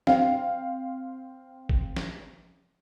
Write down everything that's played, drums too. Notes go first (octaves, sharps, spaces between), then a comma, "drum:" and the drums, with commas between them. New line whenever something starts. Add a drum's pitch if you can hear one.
C4 F5, drum: snare
drum: kick
drum: snare